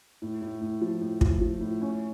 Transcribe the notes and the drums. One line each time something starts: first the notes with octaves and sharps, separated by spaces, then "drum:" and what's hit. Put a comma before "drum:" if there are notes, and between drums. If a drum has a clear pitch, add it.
A2
A2
A2
F3
A2
F3, drum: kick
F3
A2
C#4